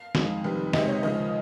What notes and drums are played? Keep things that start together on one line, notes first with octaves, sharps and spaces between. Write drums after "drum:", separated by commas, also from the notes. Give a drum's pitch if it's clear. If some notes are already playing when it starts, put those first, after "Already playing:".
Already playing: F5
F2 D#3 G#3, drum: snare
F1 F2 D#3 G3
C#2 C3 D#3 G#3 D#5, drum: snare
C#5
D#2 C#3 F3 G#3 D#5